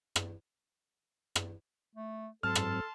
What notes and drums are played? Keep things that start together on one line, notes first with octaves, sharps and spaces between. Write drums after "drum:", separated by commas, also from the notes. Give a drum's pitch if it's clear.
drum: rim click
drum: rim click
A3
G#2 F#3 C4 A4 A5 C6 F6
drum: rim click